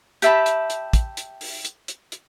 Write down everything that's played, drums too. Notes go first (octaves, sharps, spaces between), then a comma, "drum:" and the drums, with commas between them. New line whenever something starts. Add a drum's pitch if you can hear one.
G4 E5 A5 B5, drum: hi-hat
drum: hi-hat
drum: hi-hat
drum: kick, hi-hat
drum: hi-hat
drum: open hi-hat
drum: hi-hat
drum: hi-hat
drum: hi-hat